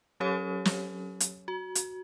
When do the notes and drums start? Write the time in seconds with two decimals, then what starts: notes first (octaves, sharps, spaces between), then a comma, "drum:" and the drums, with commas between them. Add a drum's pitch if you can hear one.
0.20 F#3 C#4 G4 A4 C#5
0.65 drum: snare
1.20 drum: hi-hat
1.48 F#4
1.75 drum: hi-hat